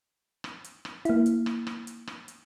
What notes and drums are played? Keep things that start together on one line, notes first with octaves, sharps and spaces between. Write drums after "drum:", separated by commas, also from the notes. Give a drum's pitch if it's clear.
drum: rim click
drum: hi-hat
drum: rim click
A#3 E4, drum: hi-hat
drum: hi-hat
drum: rim click
drum: rim click
drum: hi-hat
drum: rim click
drum: hi-hat